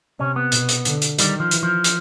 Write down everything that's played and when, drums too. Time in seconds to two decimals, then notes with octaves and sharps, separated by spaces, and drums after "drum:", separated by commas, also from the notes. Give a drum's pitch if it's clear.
0.19 C3 C#4
0.36 B3
0.52 B2, drum: hi-hat
0.69 drum: hi-hat
0.85 D3, drum: hi-hat
1.02 drum: hi-hat
1.18 D#3 G3, drum: hi-hat
1.40 F3
1.51 E3, drum: hi-hat
1.63 F3
1.84 drum: hi-hat